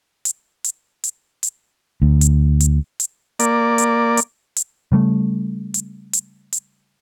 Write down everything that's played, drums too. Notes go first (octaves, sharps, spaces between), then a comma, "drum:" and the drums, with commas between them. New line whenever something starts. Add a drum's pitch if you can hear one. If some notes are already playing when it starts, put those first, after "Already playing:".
drum: hi-hat
drum: hi-hat
drum: hi-hat
drum: hi-hat
D2
drum: hi-hat
drum: hi-hat
drum: hi-hat
A#3 D5, drum: hi-hat
drum: hi-hat
drum: hi-hat
drum: hi-hat
C#3 G3 A3
drum: hi-hat
drum: hi-hat
drum: hi-hat